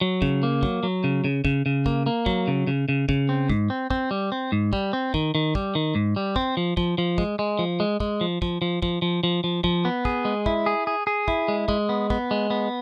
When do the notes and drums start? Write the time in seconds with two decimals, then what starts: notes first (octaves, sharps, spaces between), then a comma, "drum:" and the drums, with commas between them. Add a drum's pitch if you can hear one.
0.01 F#3
0.22 C#3, drum: kick
0.43 A#3
0.63 F#3, drum: kick
0.83 F#3
1.04 C#3
1.24 C#3
1.45 C#3, drum: kick
1.66 C#3
1.86 A#3, drum: kick
2.06 A#3
2.26 F#3, drum: kick
2.48 C#3
2.67 C#3
2.89 C#3
3.09 C#3, drum: kick
3.29 C4
3.49 G#2, drum: kick
3.70 C4
3.90 C4, drum: kick
4.11 G3
4.32 C4
4.52 G#2
4.73 G3, drum: kick
4.93 C4
5.14 D#3, drum: kick
5.35 D#3
5.55 G3, drum: kick
5.75 D#3
5.95 G#2
6.16 G3
6.36 C4, drum: kick
6.57 F3
6.77 F3, drum: kick
6.98 F3
7.18 G#3, drum: kick
7.39 G#3
7.59 F3
7.80 G#3
8.00 G#3, drum: kick
8.21 F3
8.42 F3, drum: kick
8.62 F3
8.82 F3, drum: kick
9.02 F3
9.23 F3
9.44 F3
9.64 F3, drum: kick
9.85 B3
10.05 G#4, drum: kick
10.25 G#3
10.46 E4, drum: kick
10.66 G#4
10.87 G#4
11.07 G#4
11.28 E4, drum: kick
11.48 G#3
11.68 G#3, drum: kick
11.89 B3
12.10 B3, drum: kick
12.31 G#3
12.50 B3